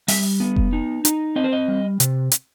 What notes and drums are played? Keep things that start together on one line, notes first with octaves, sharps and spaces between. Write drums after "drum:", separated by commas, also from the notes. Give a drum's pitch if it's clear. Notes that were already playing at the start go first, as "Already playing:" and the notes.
G3 E5, drum: open hi-hat
B3
drum: kick F1
D#4
D#4, drum: hi-hat
C4 D#5
C5
D#5
G3
C3, drum: hi-hat
drum: hi-hat